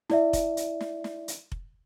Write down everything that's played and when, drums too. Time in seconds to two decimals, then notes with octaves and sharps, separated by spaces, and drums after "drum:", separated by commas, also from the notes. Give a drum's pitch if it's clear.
0.10 E4 D5 E5, drum: snare
0.33 drum: kick F1, hi-hat
0.57 drum: hi-hat
0.81 drum: snare
1.04 drum: snare
1.28 drum: hi-hat
1.52 drum: kick F1